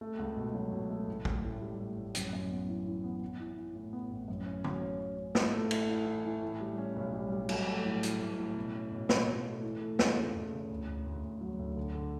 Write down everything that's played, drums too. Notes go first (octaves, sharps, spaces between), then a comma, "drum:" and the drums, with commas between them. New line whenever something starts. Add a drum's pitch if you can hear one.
A3
C#2
B2
F#3
B2
A3
A1
A1, drum: kick
A2
G3
A2
A1
F#2, drum: hi-hat
F#2
B3
E3
E3
B3
B3
E3
E3
A2
B3
A1
F#2
C#4
F#3, drum: tom D3
C#4
C#4
C#4
A2, drum: snare
A3
E4, drum: cymbal
E4
E3
E3
A2
G3
C#4
B1
G3
G3
F#3, drum: cymbal
A3
A2
A2, drum: hi-hat
A2
A2
B2
C#4
B2
B2, drum: snare
B2
A3
E3
A3
E2, drum: snare
C#3
E2
C#3
D2
D2
D2
D2
F#3
D2
D3
D3